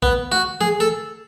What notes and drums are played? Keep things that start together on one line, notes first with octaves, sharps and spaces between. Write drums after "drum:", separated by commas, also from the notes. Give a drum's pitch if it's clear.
B3, drum: kick A#1
F#4
G#4, drum: tom E3
A4